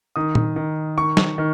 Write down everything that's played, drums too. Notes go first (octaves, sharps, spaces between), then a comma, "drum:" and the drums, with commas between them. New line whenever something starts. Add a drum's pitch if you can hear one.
D#3 D#6
drum: tom A#2
D#3
D#3 C#6
drum: snare
D#3